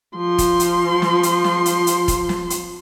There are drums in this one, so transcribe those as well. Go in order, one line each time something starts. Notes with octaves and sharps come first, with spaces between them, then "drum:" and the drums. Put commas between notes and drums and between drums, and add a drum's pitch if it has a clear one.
F3 C6
drum: kick, hi-hat
drum: hi-hat
drum: snare
drum: hi-hat
drum: snare
drum: hi-hat
drum: hi-hat
drum: kick, hi-hat
drum: snare
drum: hi-hat